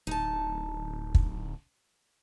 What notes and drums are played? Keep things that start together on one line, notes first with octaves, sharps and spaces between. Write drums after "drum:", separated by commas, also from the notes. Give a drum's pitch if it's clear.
D1 D#4 A5
drum: kick